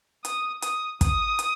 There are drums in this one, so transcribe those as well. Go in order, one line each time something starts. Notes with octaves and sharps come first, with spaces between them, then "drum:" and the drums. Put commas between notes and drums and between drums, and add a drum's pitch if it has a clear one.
D#6, drum: hi-hat
D#6, drum: hi-hat
D#6, drum: kick, hi-hat
drum: hi-hat